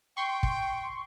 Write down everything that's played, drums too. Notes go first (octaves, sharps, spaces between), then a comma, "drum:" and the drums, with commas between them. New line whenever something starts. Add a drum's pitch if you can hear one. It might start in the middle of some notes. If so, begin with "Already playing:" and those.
G5 C6 C#6
drum: kick